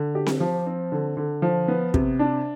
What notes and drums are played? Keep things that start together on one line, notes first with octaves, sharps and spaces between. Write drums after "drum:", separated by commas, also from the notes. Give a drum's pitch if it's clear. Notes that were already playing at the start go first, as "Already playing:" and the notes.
Already playing: D3
G4
drum: snare C4
F3
C4
D3
D3
F3
B3
C3, drum: kick
D4